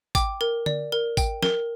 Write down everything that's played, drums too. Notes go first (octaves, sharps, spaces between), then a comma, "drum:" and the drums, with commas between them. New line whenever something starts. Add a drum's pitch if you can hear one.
G5 D6, drum: kick, tambourine
A#4
D5, drum: tom D3
A#4
G5, drum: kick, tambourine
A#4, drum: snare